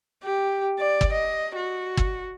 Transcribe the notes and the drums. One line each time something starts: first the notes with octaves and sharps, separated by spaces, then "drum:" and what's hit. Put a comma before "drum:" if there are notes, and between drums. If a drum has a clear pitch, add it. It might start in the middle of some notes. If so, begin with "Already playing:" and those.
G4
D5
drum: kick
D#5
F#4
drum: kick